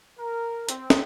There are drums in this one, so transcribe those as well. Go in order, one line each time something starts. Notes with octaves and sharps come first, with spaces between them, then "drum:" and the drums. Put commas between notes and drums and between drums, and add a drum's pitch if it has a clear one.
A#4
C4, drum: hi-hat
drum: snare